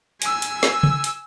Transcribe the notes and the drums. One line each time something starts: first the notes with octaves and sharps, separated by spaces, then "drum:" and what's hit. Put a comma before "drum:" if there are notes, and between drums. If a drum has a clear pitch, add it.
G#5 E6, drum: hi-hat
drum: hi-hat
drum: snare
drum: tom C#3
drum: hi-hat